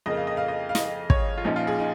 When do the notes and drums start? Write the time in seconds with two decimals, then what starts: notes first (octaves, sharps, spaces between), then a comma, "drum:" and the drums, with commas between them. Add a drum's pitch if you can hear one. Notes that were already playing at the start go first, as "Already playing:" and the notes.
0.06 F2 C#3 A#3 D#5
0.17 F5
0.27 D#5
0.37 F5
0.48 D#5
0.69 F5
0.75 D#5, drum: snare
1.10 C#5, drum: kick
1.37 F4
1.44 A#1 A#2 F3 C#4 D#4
1.56 F4
1.67 G#4
1.79 D#4